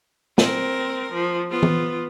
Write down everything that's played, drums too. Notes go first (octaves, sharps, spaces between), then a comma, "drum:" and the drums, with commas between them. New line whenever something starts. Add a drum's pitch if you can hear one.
C4 A#4, drum: snare
F3
B3 F4
drum: tom